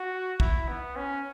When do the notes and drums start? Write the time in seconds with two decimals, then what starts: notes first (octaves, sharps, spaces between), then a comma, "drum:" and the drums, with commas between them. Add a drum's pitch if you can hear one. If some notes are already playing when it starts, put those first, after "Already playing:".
Already playing: F#4
0.40 E4, drum: kick
0.68 B3
0.96 C#4